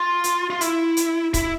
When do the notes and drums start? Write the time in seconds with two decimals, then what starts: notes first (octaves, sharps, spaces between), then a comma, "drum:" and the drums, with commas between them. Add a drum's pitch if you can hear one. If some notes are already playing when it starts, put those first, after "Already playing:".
Already playing: F4
0.24 drum: hi-hat
0.50 F4
0.61 E4, drum: hi-hat
0.97 drum: hi-hat
1.34 E4, drum: kick C#1, hi-hat